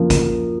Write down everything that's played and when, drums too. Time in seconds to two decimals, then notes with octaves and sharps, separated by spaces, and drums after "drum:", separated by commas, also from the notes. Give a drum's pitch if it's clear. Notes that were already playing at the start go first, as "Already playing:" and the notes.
Already playing: F#2 F3 A#3
0.10 drum: kick A#1, hi-hat